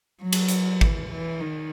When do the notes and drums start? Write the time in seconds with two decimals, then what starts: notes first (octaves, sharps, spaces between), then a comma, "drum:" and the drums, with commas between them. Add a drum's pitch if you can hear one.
0.22 F#3
0.33 drum: cymbal
0.49 drum: hi-hat
0.81 E3, drum: kick
1.11 E3
1.41 D#3